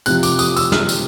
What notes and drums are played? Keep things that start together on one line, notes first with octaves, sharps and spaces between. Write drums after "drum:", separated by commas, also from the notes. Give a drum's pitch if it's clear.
C3 F3 F#6, drum: tambourine
D6, drum: tambourine
D#6, drum: tambourine
E6, drum: tambourine
F6, drum: snare
drum: tambourine